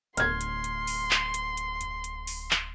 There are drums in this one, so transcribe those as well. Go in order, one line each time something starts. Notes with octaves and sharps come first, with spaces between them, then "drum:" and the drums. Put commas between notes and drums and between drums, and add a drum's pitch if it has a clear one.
D1 C6 F6 G#6, drum: hi-hat
drum: hi-hat
drum: hi-hat
drum: open hi-hat
drum: clap
drum: hi-hat
drum: hi-hat
drum: hi-hat
drum: hi-hat
drum: open hi-hat
drum: clap